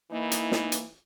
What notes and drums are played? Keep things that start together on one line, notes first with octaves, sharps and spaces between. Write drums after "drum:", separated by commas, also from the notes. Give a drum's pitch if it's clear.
E3 A#3 D#4 E4
drum: hi-hat
drum: snare
drum: hi-hat